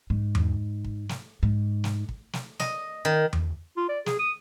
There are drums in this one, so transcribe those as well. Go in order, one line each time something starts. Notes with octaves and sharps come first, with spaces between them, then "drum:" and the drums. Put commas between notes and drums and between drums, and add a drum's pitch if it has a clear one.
G#2
drum: tom E2
drum: kick
drum: snare
G#2
drum: snare
drum: kick
drum: snare
D#5, drum: snare
D#3
drum: tom E2
F4
D5
G#4, drum: snare
D#6